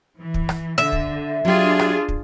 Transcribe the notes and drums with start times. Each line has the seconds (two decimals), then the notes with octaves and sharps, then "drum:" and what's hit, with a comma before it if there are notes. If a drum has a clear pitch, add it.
0.19 E3
0.34 drum: kick
0.49 drum: rim click
0.78 D3 E5
0.92 drum: kick
1.45 F#3 D4 F4 G4 G#4
1.79 drum: rim click
2.09 drum: kick